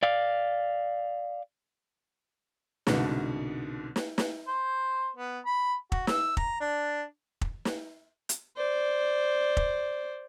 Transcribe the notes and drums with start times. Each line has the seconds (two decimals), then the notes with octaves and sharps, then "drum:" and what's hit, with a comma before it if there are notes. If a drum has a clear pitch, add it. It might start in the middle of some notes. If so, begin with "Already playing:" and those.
0.03 D5 F5
2.87 C2 G#2 B2 D3, drum: snare
3.96 drum: snare
4.18 drum: snare
4.47 C5
5.16 B3
5.46 B5
5.92 F#4, drum: kick
6.07 E6, drum: snare
6.37 A#5, drum: kick
6.60 D4
7.41 drum: kick
7.65 drum: snare
8.29 drum: hi-hat
8.57 C5 D5
9.57 drum: kick